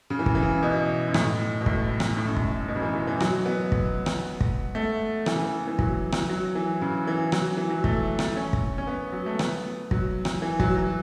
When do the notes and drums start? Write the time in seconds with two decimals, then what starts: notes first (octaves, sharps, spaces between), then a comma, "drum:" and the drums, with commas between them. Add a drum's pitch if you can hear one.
0.10 C#3
0.19 E3
0.26 C#3, drum: kick
0.35 E3
0.43 C#3
0.63 B2
1.07 F#2
1.14 A2, drum: rim click
1.61 B2
1.66 A2, drum: kick
2.00 drum: rim click
2.17 A2
2.27 F#2
2.36 A2, drum: kick
2.68 B2
2.76 C#3
2.82 E3
2.95 E3
3.07 E3
3.20 F#3, drum: rim click
3.46 B3
3.72 drum: kick
4.06 drum: rim click
4.41 drum: kick
4.75 A3
5.26 E3, drum: rim click
5.36 C#3
5.44 E3
5.67 E3
5.79 F#3, drum: kick
6.12 drum: rim click
6.30 F#3
6.55 E3
6.82 C#3
7.07 E3
7.32 F#3, drum: rim click
7.57 E3
7.70 F#3
7.84 A3, drum: kick
8.19 drum: rim click
8.36 C#4
8.53 drum: kick
8.78 C#4
8.87 B3
9.13 F#3
9.26 A3
9.39 B3, drum: rim click
9.91 F#3, drum: kick
10.25 drum: rim click
10.42 E3
10.60 F#3, drum: kick
10.77 F#3